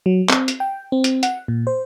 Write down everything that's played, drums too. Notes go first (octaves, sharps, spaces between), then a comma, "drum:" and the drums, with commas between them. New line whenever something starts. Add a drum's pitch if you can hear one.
F#3
C4, drum: clap
drum: hi-hat
G5
C4
drum: hi-hat
F#5, drum: hi-hat
A#2
C5